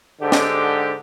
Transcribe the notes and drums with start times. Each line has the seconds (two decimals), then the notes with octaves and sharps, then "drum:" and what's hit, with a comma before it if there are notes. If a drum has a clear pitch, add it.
0.21 G#2 D3 G4
0.32 drum: snare